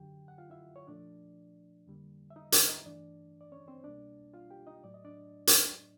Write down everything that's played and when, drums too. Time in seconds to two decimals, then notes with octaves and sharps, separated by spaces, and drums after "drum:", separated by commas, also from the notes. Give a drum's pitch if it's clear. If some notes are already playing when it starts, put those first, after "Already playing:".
Already playing: F#2 D3 F#3 G4 G5
0.28 F#5
0.38 F4 F5
0.50 E4 E5
0.76 C#5
0.87 A#2 F3 A3 D4 D5
1.87 F2 D3 G3 A#3
2.30 E5
2.36 D#4 D#5
2.52 E4 E5, drum: hi-hat
2.69 D#4 D#5
2.85 G2 E3 A3 D4 D5
3.41 D5
3.52 C#4 C#5
3.68 C4 C5
3.84 C2 B2 G3 A#3 D4 D5
4.34 F4 F5
4.50 G4 G5
4.67 D#4 D#5
4.84 A2 F#3 A3 D5
4.94 D#5
5.04 D4 D5
5.47 drum: hi-hat